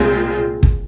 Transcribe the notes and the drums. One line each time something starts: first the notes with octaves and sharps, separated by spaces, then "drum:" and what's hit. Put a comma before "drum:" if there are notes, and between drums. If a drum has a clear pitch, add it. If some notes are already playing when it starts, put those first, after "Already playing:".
Already playing: C2 A#2 G#3 C4 F4
drum: kick